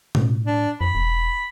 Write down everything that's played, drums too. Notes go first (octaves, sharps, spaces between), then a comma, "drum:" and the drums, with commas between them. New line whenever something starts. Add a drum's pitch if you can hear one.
A2, drum: tom B2
D4
F2 B5
E1